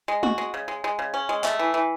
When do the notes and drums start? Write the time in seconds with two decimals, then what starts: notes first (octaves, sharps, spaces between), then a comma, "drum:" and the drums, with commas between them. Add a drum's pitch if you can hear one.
0.08 G#3
0.23 F#4, drum: tom G#3
0.38 G#3
0.54 C#3
0.68 G#3
0.84 G#3
0.99 C#3
1.14 C#4
1.29 G#3
1.44 A3, drum: clap
1.59 E3
1.74 E3